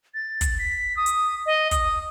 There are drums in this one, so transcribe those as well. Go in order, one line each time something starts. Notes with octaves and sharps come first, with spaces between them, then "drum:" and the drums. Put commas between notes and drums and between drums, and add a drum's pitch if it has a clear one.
A6
drum: kick, hi-hat
B6
D#6
drum: hi-hat
D#5
D#6, drum: kick, hi-hat